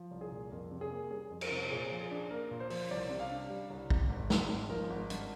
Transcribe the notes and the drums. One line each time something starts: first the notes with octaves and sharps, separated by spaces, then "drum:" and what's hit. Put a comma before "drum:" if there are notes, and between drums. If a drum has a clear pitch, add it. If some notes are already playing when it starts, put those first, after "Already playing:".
Already playing: F3
C2
G#4
A#2
F2 A#4
C3
G#4
A#3
G3 G#4
F2
A#4, drum: cymbal
C3
A#2 G#4
F3
G#4
D4
A#3 A#4
A#2
C5
F3, drum: open hi-hat
C5
C2 D5
C3
F5
D4
G3
C2
C3, drum: kick
G#1
G2, drum: snare
G#1
F3 A#4
G#1
G2, drum: hi-hat